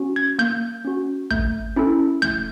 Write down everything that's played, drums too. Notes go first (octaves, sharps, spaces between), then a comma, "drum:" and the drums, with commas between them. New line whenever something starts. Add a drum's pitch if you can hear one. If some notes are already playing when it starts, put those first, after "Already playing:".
Already playing: C#4 F#4
G#6
A#3 G6
C#4 F#4
A3 G6, drum: kick
C#4 E4 A4
A3 G6, drum: snare